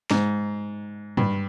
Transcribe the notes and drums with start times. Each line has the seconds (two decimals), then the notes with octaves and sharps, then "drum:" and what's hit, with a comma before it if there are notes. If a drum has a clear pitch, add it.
0.11 G#2, drum: snare
1.17 G2, drum: tom